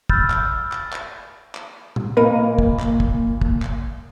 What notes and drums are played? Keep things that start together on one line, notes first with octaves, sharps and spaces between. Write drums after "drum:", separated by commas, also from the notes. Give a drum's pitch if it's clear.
B5 E6 F6 G6 A6, drum: kick
drum: clap
drum: clap
drum: clap
drum: clap
drum: tom A#2
A#2 A#3 A#4 D#5 B5
drum: kick
drum: clap
drum: kick
drum: kick
drum: clap